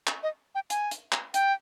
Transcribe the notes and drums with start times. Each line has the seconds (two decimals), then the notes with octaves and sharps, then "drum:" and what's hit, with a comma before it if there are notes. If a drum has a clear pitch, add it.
0.07 drum: clap
0.23 D#5
0.55 G5
0.70 G#5, drum: hi-hat
0.91 drum: hi-hat
1.12 drum: clap
1.34 G5, drum: hi-hat